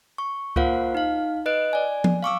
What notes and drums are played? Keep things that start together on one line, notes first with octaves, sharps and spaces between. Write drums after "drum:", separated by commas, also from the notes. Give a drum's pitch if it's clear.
C#6
A#3 F4 A#4 C5 F5 F#5, drum: kick C#2
D#4 F5
B4 D#5 F#6 D7
D5 G#5
drum: tom F3
F5 C#6 D6 E6